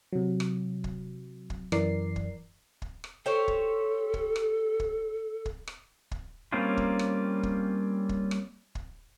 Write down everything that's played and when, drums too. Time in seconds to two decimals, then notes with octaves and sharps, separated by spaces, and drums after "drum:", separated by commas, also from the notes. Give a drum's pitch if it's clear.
0.12 C3 F#3
0.40 drum: rim click
0.84 drum: kick
1.50 drum: kick
1.72 F#2 E3 A#4 D5 C7, drum: rim click
2.16 drum: kick
2.82 drum: kick
3.04 drum: rim click
3.26 G4 A4 C5 C#5
3.48 drum: kick
4.14 drum: kick
4.36 drum: rim click
4.80 drum: kick
5.45 drum: kick
5.67 drum: rim click
6.11 drum: kick
6.52 G3 A#3 C4 C#4 F4
6.77 drum: kick
6.99 drum: rim click
7.43 drum: kick
8.09 drum: kick
8.31 drum: rim click
8.75 drum: kick